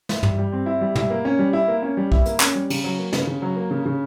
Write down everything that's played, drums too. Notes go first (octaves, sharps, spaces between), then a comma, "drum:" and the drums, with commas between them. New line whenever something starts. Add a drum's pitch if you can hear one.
E4, drum: snare
G3, drum: tom
G3
C4
E4
G3
E4, drum: tom
A#3
C#4
G3
E4
A#3
C#4
G3
E4, drum: kick
A#3, drum: hi-hat
C#4, drum: clap
G3
C#3, drum: cymbal
F#3
A#3
C#3, drum: snare
C#3
F#3
A#3
C#3
C#3